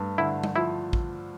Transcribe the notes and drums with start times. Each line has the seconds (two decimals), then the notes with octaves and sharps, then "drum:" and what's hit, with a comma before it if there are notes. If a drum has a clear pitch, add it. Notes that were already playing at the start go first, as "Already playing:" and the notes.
Already playing: G2 A3
0.18 D3 E4
0.43 drum: tom G3
0.56 F3 E4
0.93 drum: kick